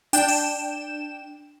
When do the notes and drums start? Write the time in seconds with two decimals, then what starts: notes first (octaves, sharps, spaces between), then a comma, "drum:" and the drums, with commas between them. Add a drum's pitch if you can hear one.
0.13 D4 G5 E7, drum: hi-hat
0.28 drum: open hi-hat